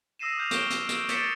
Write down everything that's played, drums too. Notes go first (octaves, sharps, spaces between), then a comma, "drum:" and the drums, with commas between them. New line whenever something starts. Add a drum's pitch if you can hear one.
D#6 E6 A#6 C7 D#7 E7
D6 F6 G6 F7
C#6 D7 E7 G7, drum: hi-hat
drum: hi-hat
E6 E7, drum: hi-hat
D6 A6 B6 C#7 D7 E7, drum: hi-hat